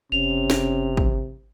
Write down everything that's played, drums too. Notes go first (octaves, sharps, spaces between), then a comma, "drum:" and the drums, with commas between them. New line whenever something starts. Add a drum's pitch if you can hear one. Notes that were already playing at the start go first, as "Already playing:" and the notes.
F#1 C3 C#4 F7
drum: snare
drum: kick